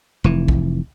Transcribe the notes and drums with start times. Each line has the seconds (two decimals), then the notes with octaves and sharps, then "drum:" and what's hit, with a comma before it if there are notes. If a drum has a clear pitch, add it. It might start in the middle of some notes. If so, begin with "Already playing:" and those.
0.24 F1 E3
0.48 drum: kick